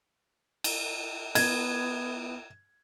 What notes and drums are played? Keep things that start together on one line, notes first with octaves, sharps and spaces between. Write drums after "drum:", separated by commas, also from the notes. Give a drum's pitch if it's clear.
drum: cymbal
B3 G#6, drum: cymbal